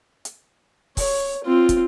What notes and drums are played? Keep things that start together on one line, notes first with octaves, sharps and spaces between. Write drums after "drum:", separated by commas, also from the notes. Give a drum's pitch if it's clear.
drum: hi-hat
C#5, drum: kick, open hi-hat
C4 F4
drum: kick, hi-hat